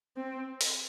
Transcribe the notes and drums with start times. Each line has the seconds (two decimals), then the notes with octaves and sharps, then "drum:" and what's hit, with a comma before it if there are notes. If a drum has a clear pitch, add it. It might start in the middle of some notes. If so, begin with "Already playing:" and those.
0.17 C4
0.61 drum: open hi-hat